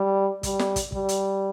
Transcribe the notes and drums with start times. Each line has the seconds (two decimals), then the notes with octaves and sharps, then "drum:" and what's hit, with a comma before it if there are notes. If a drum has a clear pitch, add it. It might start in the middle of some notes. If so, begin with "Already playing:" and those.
Already playing: G3
0.43 G3, drum: kick, hi-hat
0.59 drum: snare
0.76 drum: kick, hi-hat
0.92 G3, drum: kick
1.09 drum: hi-hat